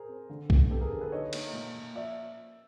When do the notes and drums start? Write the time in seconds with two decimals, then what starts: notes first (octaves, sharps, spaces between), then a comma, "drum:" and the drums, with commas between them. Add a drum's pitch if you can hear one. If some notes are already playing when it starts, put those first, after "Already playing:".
Already playing: G#4 A#4 C5
0.08 C4
0.29 D3
0.50 B3, drum: kick B1
0.71 B3 G4 A4
0.81 G#4 A#4
0.91 D3
1.01 A4 B4
1.12 D#4 C#5 D#5
1.33 A#3, drum: cymbal
1.53 A#2
1.74 A#2
1.95 F3 D5 E5